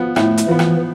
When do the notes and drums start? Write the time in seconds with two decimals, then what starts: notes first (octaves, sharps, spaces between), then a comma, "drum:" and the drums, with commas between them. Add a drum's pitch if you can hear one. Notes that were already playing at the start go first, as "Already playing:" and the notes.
Already playing: F3 B3
0.16 A2 A3, drum: rim click
0.37 drum: hi-hat
0.48 E3 F3 B3
0.59 drum: rim click